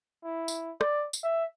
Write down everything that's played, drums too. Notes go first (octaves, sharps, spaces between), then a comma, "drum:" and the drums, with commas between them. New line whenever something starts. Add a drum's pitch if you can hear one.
E4
drum: tambourine
D5, drum: rim click
drum: tambourine
E5